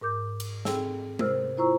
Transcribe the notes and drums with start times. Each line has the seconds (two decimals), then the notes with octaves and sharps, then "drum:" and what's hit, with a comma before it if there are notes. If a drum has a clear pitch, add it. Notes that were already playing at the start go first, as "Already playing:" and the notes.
0.01 G#2 A#4 D6 G6
0.40 drum: cymbal
0.65 C4 G#4 A4 G5 E6, drum: snare
1.19 C3 A#4 C5 E6 F6, drum: tom G#3
1.57 E4 F4 C5 A#5 C#6 E6